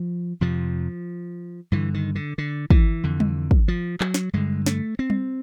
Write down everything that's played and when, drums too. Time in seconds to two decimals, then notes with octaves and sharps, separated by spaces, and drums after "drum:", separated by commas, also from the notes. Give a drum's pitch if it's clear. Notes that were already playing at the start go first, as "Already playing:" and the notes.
Already playing: F3
0.41 F2 C3 F3
1.72 G2 D3 E3
1.94 D#3
2.15 D3
2.38 D3
2.70 E3, drum: kick
3.03 F2 D3
3.20 drum: tom G3
3.51 drum: kick
3.68 F3
4.00 F#3, drum: clap
4.14 drum: snare
4.33 G2 D3 G#3
4.66 A3, drum: snare
4.99 C4
5.10 drum: tom G3